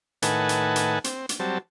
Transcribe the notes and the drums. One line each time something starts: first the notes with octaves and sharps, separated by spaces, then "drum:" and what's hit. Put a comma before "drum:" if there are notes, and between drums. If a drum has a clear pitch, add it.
A2 D#3 B4 F#5 G#5 A5, drum: hi-hat
drum: hi-hat
drum: hi-hat
C4, drum: hi-hat
drum: hi-hat
F#3 G3 C4 A5